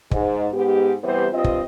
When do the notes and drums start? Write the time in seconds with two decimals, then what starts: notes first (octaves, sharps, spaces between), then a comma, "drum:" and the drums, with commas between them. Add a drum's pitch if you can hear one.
0.11 G#2, drum: kick
0.53 G#2 B3 G4
1.03 E2 C3 E3 G3 B3 C5
1.32 G2 C4 F4 D#5
1.44 drum: kick